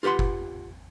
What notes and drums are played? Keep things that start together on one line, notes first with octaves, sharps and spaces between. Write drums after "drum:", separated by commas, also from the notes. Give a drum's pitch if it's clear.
F4 G4 B4 F#5 C6
drum: kick F#1